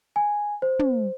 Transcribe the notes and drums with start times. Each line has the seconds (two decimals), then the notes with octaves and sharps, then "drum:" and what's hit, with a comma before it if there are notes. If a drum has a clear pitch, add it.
0.16 G#5
0.62 C5
0.79 drum: tom